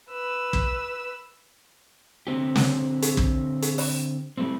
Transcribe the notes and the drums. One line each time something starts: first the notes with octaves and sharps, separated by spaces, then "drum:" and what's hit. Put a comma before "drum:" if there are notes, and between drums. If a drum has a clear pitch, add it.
B4 E6
drum: kick
D3 C4 G4
drum: snare
drum: hi-hat
drum: kick
drum: hi-hat
drum: open hi-hat
G3 A3 C4